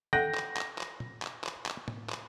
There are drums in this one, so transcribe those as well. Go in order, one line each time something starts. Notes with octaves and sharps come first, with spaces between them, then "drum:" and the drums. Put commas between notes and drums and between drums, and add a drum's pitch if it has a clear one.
A4 F#5 G5 A#6, drum: tom D#3
drum: clap
drum: clap
drum: clap
drum: tom A#2
drum: clap
drum: clap
drum: clap
drum: tom A2
drum: clap